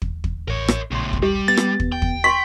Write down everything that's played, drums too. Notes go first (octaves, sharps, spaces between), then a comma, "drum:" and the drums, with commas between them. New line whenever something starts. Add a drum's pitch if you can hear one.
drum: kick
drum: kick
A1 A#4 C#5
drum: rim click
A#1 A2 C#3 C6
drum: kick
G3 G4
B3 A6
drum: rim click
drum: kick
G5
drum: kick
C6 C#6 B6